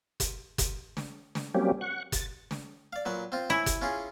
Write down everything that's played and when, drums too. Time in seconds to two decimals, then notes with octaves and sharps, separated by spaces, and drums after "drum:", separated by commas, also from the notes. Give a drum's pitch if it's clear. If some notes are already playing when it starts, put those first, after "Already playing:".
0.20 drum: kick F#1, hi-hat
0.58 drum: kick F#1, hi-hat
0.97 drum: snare
1.35 drum: snare
1.55 F#3 G3 A#3 C4 C#4 G4
1.81 F#5 C#6 F#6
2.12 A6, drum: kick F#1, hi-hat
2.51 drum: snare
2.93 D5 F5
3.05 A#2 F#3 B4
3.32 C4 F4
3.50 E4 C#5 G#5
3.66 drum: kick F#1, hi-hat
3.82 C#4 F4 G#4